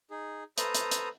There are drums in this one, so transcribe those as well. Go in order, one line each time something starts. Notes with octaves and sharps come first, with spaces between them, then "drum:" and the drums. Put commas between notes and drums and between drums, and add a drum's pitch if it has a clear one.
D#4 G#4
A4 B4 C5 A#5 D#6, drum: hi-hat
drum: hi-hat
drum: hi-hat